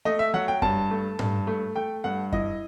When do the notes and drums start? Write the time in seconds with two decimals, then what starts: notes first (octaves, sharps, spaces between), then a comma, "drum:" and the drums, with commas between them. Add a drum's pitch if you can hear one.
0.05 A3 D#5
0.19 E5
0.34 F#3 F#5
0.48 G5
0.62 G2 A5, drum: kick F#2
0.91 A3
1.19 G2, drum: tom G#2
1.47 A3
1.75 A3 G5
2.04 G2 F#5
2.33 E4 D#5, drum: kick F#2